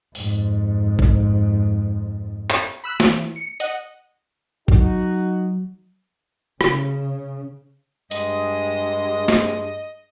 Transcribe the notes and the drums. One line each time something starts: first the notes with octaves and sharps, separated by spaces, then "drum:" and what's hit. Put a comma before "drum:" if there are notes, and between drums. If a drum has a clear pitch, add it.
F2 G#2, drum: open hi-hat
drum: kick
drum: clap
B5 E6 F#6
E3, drum: snare
C#7
D#5 F#5, drum: hi-hat
F#3 D#4 F#4, drum: kick
C#3, drum: rim click
G2 G#3 D#5, drum: hi-hat
drum: snare